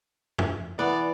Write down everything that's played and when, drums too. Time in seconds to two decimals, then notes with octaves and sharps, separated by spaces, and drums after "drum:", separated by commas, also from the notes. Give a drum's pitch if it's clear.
0.38 drum: tom
0.79 E3 B3 D5